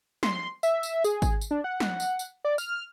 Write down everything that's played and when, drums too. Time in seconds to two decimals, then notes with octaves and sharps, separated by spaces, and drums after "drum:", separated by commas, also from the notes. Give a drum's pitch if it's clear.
0.23 C6, drum: snare
0.63 E5, drum: tambourine
0.83 drum: tambourine
1.04 G#4, drum: tambourine
1.22 drum: kick G#1, tambourine
1.42 drum: tambourine
1.51 D4
1.64 F#5
1.80 drum: snare
2.00 drum: tambourine
2.19 drum: tambourine
2.45 D5
2.58 F6, drum: tambourine